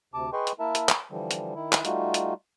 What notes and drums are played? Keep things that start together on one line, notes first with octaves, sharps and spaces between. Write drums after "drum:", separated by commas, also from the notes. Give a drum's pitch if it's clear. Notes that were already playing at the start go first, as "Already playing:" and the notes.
D2 C3 A5 D6
G#4 B4 D#5 G5 C6 C#6
drum: hi-hat
A#3 E4 A#4 E5 A5
drum: hi-hat
drum: clap
D3 E3 F3 G3
drum: hi-hat
D#3 E4
drum: clap
G3 A3 D#4 F4 F#4, drum: hi-hat
drum: hi-hat